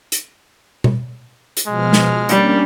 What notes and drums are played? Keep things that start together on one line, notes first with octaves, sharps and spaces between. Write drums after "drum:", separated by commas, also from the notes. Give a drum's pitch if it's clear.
drum: hi-hat
drum: tom B2
drum: hi-hat
B2 F3 G#3 F6
drum: snare
G3 A#3 C#4 D4, drum: hi-hat